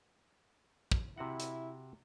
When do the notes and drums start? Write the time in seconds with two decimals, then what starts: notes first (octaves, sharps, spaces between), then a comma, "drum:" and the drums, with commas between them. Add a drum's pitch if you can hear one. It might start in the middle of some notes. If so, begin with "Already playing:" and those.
0.92 drum: kick
1.18 C3 E4 F#4 F#5
1.40 drum: hi-hat